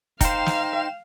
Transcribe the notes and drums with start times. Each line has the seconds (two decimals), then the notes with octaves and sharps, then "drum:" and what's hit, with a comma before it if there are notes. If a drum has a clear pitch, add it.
0.21 D#4 C5 F5 G5 E7, drum: kick, hi-hat
0.46 drum: snare